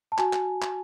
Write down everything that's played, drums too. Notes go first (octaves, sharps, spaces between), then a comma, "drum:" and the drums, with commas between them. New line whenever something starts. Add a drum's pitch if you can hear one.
A5
F#4 G#5, drum: clap
drum: clap
drum: clap